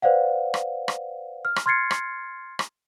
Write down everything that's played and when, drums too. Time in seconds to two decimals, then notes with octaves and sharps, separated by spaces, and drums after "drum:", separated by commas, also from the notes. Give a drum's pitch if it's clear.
0.02 B4 C5 D5 F5 F#5
0.54 drum: rim click
0.88 drum: rim click
1.45 F6
1.56 drum: rim click
1.66 C6 F6 G#6 A6 C7 C#7
1.91 drum: rim click
2.59 drum: rim click